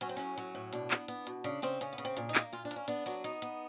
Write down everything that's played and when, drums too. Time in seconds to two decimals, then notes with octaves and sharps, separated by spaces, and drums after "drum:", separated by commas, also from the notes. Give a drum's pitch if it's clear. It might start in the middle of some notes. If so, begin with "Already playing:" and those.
0.01 F#3 C#4, drum: hi-hat
0.09 C4
0.17 A2 C#4, drum: open hi-hat
0.38 F#3, drum: hi-hat
0.55 A2
0.73 B2 D4, drum: hi-hat
0.91 B3, drum: clap
1.08 B3, drum: hi-hat
1.27 B2, drum: hi-hat
1.44 C#3 D4, drum: hi-hat
1.62 C#3 C4, drum: open hi-hat
1.81 C#3 C#4, drum: hi-hat
1.93 B3
1.98 C#3, drum: hi-hat
2.05 C4
2.17 A#2 D4, drum: hi-hat
2.29 D#4
2.35 A#3, drum: clap
2.53 A#2 F4
2.65 D4
2.71 A#3, drum: hi-hat
2.76 C#4
2.88 B3 D4, drum: hi-hat
3.06 F#3 D4, drum: open hi-hat
3.24 B3 D#4, drum: hi-hat
3.42 B3, drum: hi-hat